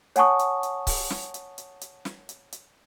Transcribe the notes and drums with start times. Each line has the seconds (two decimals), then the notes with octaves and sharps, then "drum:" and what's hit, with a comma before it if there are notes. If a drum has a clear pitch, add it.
0.16 C#5 F#5 G#5 A5 C#6 D#6, drum: hi-hat
0.39 drum: hi-hat
0.63 drum: hi-hat
0.87 drum: kick C#1, open hi-hat
1.10 drum: snare
1.34 drum: hi-hat
1.58 drum: hi-hat
1.81 drum: hi-hat
2.05 drum: snare
2.29 drum: hi-hat
2.52 drum: hi-hat